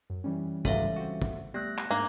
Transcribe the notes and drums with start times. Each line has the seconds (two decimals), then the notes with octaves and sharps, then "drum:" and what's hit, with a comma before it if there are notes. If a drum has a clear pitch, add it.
0.10 F#2
0.24 E3 G3 C#4
0.65 G#1 C#2 F#2 A4 E5 F5, drum: kick
0.96 C4 F#4
1.22 drum: kick
1.54 G3 A3 B3 F#6 A#6
1.78 drum: clap
1.91 G#2 A#3 D4 G#6